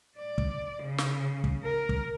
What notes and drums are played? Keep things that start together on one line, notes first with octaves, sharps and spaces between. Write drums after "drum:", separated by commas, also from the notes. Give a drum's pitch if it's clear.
D5
drum: kick
C#3
drum: snare
drum: kick
A#4
drum: kick